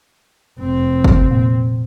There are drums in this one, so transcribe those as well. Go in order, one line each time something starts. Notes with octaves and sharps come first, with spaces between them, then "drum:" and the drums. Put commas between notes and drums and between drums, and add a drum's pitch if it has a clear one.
F1 C4
drum: kick
A#2